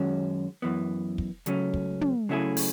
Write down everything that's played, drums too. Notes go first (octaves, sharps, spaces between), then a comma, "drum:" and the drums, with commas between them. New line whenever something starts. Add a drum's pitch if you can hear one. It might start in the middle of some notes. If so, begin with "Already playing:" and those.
Already playing: F#2 D#3 G#3 C#4 F#4
F#2 E3 B3
drum: kick
C#2 C#3 F#3 A3 C#4, drum: hi-hat
drum: kick
drum: tom
C#3 F#3 A3 E4 G#4
drum: open hi-hat